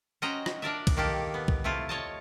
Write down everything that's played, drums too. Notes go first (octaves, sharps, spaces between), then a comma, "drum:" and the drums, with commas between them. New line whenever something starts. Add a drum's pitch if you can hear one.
C#4 F#4 C5 D#5 G5 A#5
drum: rim click
D4 A#4 D5 E5
drum: kick, cymbal
D#3 A#3 G4 A4
B3
drum: kick
C3 A3 E4 F4
C#5 D#5 A5